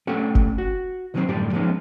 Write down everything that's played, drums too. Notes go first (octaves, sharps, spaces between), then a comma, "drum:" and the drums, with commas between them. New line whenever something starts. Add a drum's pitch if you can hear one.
A3 C#4 D4 G4 A4 F#5
drum: kick F#1
F#4
C2 D#3 F#3 G3 C4 C5
F#2 A2 D3 G3 G4 D5
F3 G#3 A#3 B3 C#4 D#4